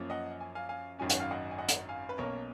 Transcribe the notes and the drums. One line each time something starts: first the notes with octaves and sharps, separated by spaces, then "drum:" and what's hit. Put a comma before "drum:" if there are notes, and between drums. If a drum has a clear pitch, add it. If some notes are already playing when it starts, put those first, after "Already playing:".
Already playing: F#2 F3 A#3 C#4
D#5 F#5
G#5
F5 G#5
F5 G#5
G#1 F#2 D#3 F#3 C#4 G#5
F#5, drum: hi-hat
F5
D#5 F#5
G#5
D#5 F#5
drum: hi-hat
F5 G#5
B4
B1 B2 A#3 C#4 A#4 C#5